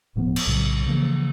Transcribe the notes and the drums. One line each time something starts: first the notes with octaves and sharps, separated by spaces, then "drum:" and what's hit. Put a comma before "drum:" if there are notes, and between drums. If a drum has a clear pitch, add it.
D1 A2 F3 B3
drum: cymbal
B1 A2 C#3 F#3
C#3 E3 F3 A#3